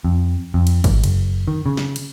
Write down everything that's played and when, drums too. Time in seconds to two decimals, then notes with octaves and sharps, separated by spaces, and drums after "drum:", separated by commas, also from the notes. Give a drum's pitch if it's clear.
0.04 F2
0.54 F2
0.67 drum: cymbal
0.84 G#1, drum: kick, cymbal
1.04 F#1, drum: cymbal
1.48 D#3
1.66 C#3
1.77 drum: snare
1.96 drum: cymbal